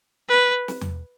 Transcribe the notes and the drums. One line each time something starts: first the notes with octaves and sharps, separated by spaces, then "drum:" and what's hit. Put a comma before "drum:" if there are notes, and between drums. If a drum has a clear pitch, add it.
B4
drum: snare
drum: tom E2